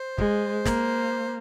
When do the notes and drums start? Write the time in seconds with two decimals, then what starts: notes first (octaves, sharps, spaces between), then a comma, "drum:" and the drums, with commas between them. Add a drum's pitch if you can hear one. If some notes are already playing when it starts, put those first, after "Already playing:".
Already playing: C5
0.18 G#3, drum: kick
0.65 A#3, drum: snare